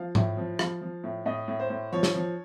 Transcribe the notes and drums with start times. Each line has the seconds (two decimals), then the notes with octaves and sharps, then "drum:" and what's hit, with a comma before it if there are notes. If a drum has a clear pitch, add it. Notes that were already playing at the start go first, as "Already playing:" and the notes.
Already playing: F3 F5
0.15 A2, drum: tom G#2
0.37 F3
0.59 F3 F5, drum: rim click
0.81 F3
1.04 A2
1.26 A2 D#5
1.48 A2
1.60 C5
1.70 A2
1.92 F3 C#5
2.03 drum: snare
2.15 F3